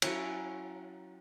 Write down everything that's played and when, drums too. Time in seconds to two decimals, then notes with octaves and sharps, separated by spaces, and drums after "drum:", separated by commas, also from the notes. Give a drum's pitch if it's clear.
0.02 F#3 C#4 E4, drum: cymbal